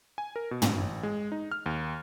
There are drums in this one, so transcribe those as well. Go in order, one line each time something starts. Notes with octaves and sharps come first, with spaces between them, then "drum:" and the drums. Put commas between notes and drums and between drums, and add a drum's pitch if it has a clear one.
G#5
A#4
B2
drum: tom
A1
G#3
D#4
F6
D#2